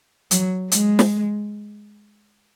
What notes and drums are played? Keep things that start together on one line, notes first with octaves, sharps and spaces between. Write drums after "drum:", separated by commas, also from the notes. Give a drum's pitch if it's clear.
F#3, drum: hi-hat
G#3, drum: hi-hat
drum: snare